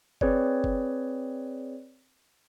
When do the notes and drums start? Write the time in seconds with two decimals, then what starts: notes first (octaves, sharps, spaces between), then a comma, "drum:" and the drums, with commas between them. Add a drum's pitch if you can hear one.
0.21 C4 G#4 B4 C#5 D5, drum: kick F#1
0.64 drum: kick F#1